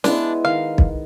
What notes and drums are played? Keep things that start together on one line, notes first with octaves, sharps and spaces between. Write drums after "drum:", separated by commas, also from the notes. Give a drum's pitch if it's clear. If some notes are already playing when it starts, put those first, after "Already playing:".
G#3 B3 D4 E4, drum: snare
D#3 F5
drum: kick